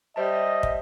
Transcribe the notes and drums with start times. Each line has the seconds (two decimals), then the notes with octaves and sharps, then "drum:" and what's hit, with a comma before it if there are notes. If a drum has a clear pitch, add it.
0.16 G3 C5 D#5 E5 A5
0.63 drum: kick